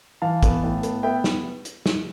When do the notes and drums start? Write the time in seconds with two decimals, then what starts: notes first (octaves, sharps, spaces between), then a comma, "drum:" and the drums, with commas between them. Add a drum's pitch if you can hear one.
0.22 E3 F5 A5
0.43 B3, drum: kick, hi-hat
0.63 A2
0.83 B3, drum: hi-hat
1.03 B3 E5 G5
1.24 drum: snare
1.65 drum: hi-hat
1.86 drum: snare